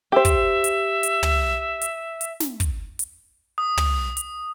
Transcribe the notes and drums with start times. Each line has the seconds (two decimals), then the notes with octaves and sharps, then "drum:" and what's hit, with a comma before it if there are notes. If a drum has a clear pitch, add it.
0.12 G4 C5 E5
0.25 drum: kick, hi-hat
0.64 drum: hi-hat
1.03 drum: hi-hat
1.23 drum: tom
1.81 drum: hi-hat
2.21 drum: hi-hat
2.40 drum: snare
2.60 drum: kick, hi-hat
2.99 drum: hi-hat
3.58 D#6
3.77 drum: tom
4.17 drum: hi-hat